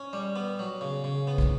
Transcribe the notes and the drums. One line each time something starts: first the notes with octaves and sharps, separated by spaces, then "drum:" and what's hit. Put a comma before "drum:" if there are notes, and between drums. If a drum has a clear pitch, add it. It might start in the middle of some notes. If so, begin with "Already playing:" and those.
Already playing: C#4
G3
B3
F#3
C#3
C#3
B3
drum: kick